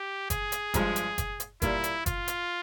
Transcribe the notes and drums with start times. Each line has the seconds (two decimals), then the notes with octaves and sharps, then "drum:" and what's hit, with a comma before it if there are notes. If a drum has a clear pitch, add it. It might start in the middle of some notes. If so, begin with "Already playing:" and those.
Already playing: G4
0.30 G#4, drum: kick F#1, hi-hat
0.52 drum: hi-hat
0.74 G2 F3 G#3, drum: kick F#1, hi-hat
0.96 drum: hi-hat
1.18 drum: kick F#1, hi-hat
1.40 drum: hi-hat
1.62 A#2 G3 A#3 E4, drum: kick F#1, hi-hat
1.84 drum: hi-hat
2.06 F4, drum: kick F#1, hi-hat
2.28 drum: hi-hat